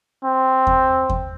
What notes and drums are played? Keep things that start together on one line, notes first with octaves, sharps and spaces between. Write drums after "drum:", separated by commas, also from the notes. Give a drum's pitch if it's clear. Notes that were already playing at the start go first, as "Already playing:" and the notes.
C4
drum: kick E2
drum: kick E2